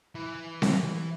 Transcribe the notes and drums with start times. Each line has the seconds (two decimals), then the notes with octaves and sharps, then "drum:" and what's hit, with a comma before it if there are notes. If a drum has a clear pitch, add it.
0.15 E3
0.62 drum: snare C4